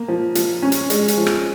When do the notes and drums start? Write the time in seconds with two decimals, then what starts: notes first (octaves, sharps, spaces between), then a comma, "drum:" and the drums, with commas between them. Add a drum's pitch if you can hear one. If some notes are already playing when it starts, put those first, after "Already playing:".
Already playing: A#3
0.08 F3
0.35 F3, drum: hi-hat
0.62 C#4
0.72 drum: hi-hat
0.90 G#3, drum: hi-hat
1.08 drum: hi-hat
1.17 F3
1.26 drum: rim click